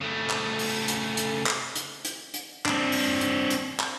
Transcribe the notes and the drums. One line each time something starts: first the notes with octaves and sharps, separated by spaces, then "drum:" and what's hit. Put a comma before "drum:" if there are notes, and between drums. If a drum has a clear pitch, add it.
C#3 A3
drum: clap
drum: open hi-hat
drum: hi-hat
drum: hi-hat
drum: clap
drum: hi-hat
drum: hi-hat
drum: hi-hat
C4 D4, drum: clap
drum: open hi-hat
drum: hi-hat
drum: hi-hat
drum: clap